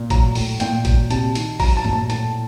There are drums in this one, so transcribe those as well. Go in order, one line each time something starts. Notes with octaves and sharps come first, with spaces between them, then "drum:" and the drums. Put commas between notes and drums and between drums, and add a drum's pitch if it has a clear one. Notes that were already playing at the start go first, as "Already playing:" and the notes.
Already playing: A#2
F#3 A#5, drum: kick, hi-hat
A2, drum: open hi-hat
A#2 G5, drum: hi-hat
F#3, drum: kick, hi-hat
C3 A5, drum: hi-hat
D#3, drum: hi-hat
F#3 A#5, drum: kick, open hi-hat
A5
A#2, drum: tom
A5
A2 A5, drum: hi-hat